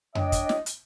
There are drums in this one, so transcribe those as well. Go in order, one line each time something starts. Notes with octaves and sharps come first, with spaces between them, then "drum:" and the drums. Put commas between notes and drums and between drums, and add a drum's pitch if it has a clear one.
D4 C#5 D#5 G5, drum: tom F2
drum: kick, hi-hat
drum: snare
drum: hi-hat